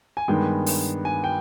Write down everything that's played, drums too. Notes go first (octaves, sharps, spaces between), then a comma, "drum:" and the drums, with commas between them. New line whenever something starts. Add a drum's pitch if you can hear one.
G#5
G2 D#3 G#3 B3 G5
drum: open hi-hat
G#5
G5